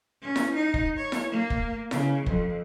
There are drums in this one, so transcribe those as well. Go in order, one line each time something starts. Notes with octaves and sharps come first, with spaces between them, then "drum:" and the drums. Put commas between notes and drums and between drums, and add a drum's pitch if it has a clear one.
C#4
drum: snare E4
D#4
drum: kick
C#5
drum: snare E4
A#3
drum: kick
C#3, drum: snare E4
F2, drum: kick